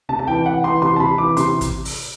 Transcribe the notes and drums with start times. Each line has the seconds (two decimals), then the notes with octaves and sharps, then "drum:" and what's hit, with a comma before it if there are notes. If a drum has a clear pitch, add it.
0.09 C3 A5
0.19 A5
0.28 E3 G5
0.45 E3 F#5
0.64 E3 C6
0.82 C3 C6
0.96 A5
1.00 C3 B5
1.18 E3 D6
1.37 C3 C6, drum: hi-hat
1.61 drum: kick, hi-hat
1.85 drum: open hi-hat